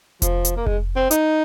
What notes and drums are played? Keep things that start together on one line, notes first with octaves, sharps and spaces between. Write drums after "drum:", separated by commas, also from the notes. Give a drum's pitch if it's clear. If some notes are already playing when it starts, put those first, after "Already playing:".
F3, drum: kick F1, hi-hat
drum: hi-hat
A#3
G#3, drum: kick F1
C4
D#4, drum: hi-hat